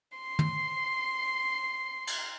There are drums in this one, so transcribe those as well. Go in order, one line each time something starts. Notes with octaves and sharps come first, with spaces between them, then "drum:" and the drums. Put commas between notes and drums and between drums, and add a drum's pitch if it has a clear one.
C6 C7
drum: tom
drum: cymbal